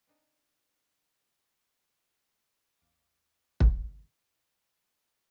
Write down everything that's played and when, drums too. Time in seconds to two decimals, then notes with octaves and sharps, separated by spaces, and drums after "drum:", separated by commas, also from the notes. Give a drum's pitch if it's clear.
0.07 C4 D4 D#4
2.81 A1 E2 F5 D6
3.60 drum: kick